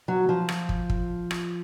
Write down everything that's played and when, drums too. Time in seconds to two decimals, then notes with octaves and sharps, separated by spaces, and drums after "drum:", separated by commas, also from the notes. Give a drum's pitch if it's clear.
0.08 F#3
0.29 F3
0.49 drum: rim click
0.69 drum: kick
0.90 drum: kick
1.31 drum: rim click